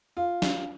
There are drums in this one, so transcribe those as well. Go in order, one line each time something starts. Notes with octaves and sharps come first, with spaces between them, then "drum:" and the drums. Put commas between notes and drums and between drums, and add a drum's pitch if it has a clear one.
F4
drum: snare